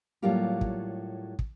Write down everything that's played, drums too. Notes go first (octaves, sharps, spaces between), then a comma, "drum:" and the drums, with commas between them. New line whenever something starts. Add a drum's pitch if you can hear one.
A2 F#3 G3 A#3 F4 G4
drum: kick
drum: kick